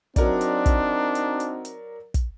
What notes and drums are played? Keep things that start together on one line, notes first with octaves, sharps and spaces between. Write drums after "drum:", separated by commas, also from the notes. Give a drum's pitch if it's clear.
F#3 C4 D4 D#4 F#4 A#4 D5, drum: kick, hi-hat
drum: hi-hat
drum: kick, hi-hat
drum: hi-hat
drum: hi-hat
drum: hi-hat
drum: kick, hi-hat